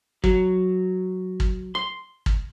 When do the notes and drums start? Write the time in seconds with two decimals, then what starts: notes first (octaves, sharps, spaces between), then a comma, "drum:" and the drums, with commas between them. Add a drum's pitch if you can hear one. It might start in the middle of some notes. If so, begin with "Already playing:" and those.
0.24 F#3, drum: kick
1.40 drum: kick
1.75 C6
2.26 drum: kick